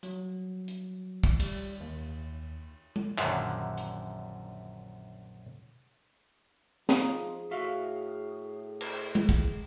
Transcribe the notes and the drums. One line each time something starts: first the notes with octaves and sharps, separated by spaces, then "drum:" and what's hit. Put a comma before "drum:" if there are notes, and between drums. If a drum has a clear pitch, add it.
F#3, drum: hi-hat
drum: hi-hat
drum: kick
G3, drum: cymbal
D#2
drum: tom G#3
A#1 F#2 A#2 D3 D#3 F#3, drum: clap
drum: hi-hat
F3 G#3 D#4 G#4, drum: snare
A2 F#4 E5 F5
drum: cymbal
drum: tom G#3
drum: kick